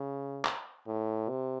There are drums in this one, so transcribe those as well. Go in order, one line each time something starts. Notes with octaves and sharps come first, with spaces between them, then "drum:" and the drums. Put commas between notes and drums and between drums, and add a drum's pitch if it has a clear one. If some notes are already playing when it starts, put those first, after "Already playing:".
Already playing: C#3
drum: clap
A2
C3